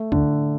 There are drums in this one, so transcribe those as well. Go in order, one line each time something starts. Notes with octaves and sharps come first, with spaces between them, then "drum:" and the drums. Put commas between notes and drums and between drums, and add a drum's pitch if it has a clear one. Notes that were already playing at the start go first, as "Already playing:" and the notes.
Already playing: A3
D3, drum: kick C#2